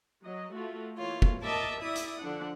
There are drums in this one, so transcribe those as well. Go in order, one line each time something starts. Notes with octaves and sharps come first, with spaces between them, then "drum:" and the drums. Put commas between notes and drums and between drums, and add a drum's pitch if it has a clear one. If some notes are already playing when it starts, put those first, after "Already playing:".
F#3 D#5
A3 F4 F#4
E3 A#3 F4 C#5
drum: kick
A#4 D#5 E5 A5 D6
E4 D5 E5 D#6
drum: hi-hat
D3 F3 D4 F#5